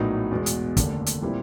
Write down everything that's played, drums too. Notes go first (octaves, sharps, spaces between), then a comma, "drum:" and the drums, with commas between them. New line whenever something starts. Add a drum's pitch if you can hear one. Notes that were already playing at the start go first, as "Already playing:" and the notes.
Already playing: A#1 A2 F#3 B3 D#4
E2 B2 G#3
drum: hi-hat
F1 D#2 D3, drum: kick, hi-hat
drum: hi-hat
A#2 G3 C4 E4